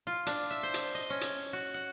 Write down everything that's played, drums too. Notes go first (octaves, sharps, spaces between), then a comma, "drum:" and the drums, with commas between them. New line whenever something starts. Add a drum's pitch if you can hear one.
F4
D4, drum: hi-hat
E5
C5
drum: hi-hat
D#5
C#4
drum: hi-hat
F#4
F#5